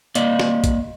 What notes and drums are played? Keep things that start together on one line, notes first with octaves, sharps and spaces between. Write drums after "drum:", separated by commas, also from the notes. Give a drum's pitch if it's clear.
A#3 D5 D#5, drum: hi-hat
drum: snare
drum: kick, hi-hat